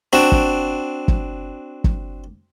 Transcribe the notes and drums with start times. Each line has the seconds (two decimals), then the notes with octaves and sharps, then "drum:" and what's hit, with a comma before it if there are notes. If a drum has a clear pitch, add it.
0.13 C4 D4 F#4
0.32 drum: kick
1.08 drum: kick
1.84 drum: kick